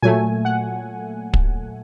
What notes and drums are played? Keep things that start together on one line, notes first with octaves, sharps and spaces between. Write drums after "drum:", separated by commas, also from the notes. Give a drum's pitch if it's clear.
A#2 F#3 A3 G#5
F#5
drum: kick